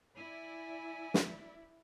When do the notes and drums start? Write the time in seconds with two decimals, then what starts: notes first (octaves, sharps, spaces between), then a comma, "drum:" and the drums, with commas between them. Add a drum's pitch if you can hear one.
0.16 E4 D5 G#5
1.14 drum: snare